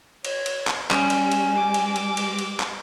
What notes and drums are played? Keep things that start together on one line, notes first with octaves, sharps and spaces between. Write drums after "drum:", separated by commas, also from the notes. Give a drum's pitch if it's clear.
C#5, drum: cymbal
drum: cymbal
drum: clap
G3 C#4 G#5, drum: clap
drum: cymbal
drum: cymbal
D6
drum: cymbal
drum: cymbal
drum: cymbal
drum: cymbal
drum: clap